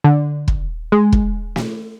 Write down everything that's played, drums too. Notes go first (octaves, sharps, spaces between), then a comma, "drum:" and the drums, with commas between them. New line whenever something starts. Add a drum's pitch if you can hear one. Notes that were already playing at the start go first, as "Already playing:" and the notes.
D3
drum: kick
G#3
drum: kick
drum: snare